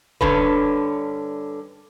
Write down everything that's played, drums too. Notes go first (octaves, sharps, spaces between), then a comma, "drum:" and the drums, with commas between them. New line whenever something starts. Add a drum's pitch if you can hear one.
G2 D3 C#4 B4, drum: kick D#1